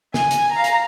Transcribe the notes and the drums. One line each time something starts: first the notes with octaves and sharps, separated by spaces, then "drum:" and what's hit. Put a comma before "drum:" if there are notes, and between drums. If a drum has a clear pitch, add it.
G#5, drum: snare
drum: hi-hat
F5 A#5
drum: hi-hat